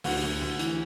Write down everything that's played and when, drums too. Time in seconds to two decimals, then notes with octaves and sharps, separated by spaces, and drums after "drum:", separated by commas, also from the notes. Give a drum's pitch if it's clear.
0.04 D2 F#4, drum: open hi-hat
0.23 D2
0.42 D2
0.59 E3, drum: hi-hat